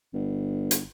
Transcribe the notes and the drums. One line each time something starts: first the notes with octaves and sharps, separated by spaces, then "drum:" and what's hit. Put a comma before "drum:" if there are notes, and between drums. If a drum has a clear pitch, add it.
G1
drum: hi-hat